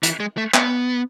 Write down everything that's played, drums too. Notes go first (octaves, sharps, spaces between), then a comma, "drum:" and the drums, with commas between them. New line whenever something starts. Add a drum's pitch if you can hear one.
E3, drum: hi-hat
G#3
A3
B3, drum: clap